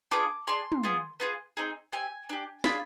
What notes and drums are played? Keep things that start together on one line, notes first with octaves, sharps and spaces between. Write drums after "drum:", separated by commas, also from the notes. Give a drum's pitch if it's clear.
B3 D4 F4 G#4 D6
D4 G#4 C6
drum: tom
B3 F4 G#4
B3 F4 G#4
C4 D#4 G#4
C4 G4 G#5
D4 G4
D4 F4 G#4 B5, drum: snare